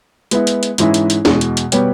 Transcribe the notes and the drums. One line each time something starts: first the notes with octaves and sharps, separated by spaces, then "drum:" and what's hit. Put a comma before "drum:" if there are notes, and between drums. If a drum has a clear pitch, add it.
G#3 B3 E4, drum: hi-hat
drum: hi-hat
drum: hi-hat
G#2 E3 G#3 C#4 E4, drum: hi-hat
drum: hi-hat
drum: hi-hat
E2 B2 G#3, drum: snare
drum: hi-hat
drum: hi-hat
B2 G3 B3 G4 C#5, drum: hi-hat